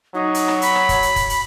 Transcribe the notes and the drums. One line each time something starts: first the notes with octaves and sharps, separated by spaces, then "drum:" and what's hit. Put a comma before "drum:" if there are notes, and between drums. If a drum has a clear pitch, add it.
F#3 D#4
drum: hi-hat
drum: rim click
B5, drum: hi-hat
drum: rim click
drum: kick, hi-hat
drum: hi-hat
drum: kick, hi-hat
drum: hi-hat